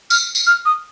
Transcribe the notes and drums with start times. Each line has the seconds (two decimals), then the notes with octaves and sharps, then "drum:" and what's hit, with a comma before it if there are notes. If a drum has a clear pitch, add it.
0.10 F6, drum: tambourine
0.35 drum: tambourine
0.47 F6
0.65 D#6